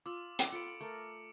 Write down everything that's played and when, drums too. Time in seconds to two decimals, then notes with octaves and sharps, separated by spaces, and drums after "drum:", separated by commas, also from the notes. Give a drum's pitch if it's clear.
0.06 F4 D6 E6
0.39 drum: hi-hat
0.52 F4 A4 B5 C#7 D7
0.80 A3 A4 A#4